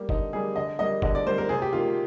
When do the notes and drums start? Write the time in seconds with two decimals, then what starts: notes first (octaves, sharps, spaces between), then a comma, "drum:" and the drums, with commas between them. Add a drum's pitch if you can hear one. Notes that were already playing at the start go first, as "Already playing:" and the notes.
Already playing: G3 A#3
0.09 D3 D#4, drum: kick F#1
0.33 G3 A#3 G#4
0.56 D3 D#5
0.79 G3 A#3 D#5
1.02 D3 D#5, drum: kick F#1
1.15 D5
1.26 G3 A#3 C5
1.38 A#4
1.49 C3 G#4
1.62 G4
1.73 D#3 A#3 F4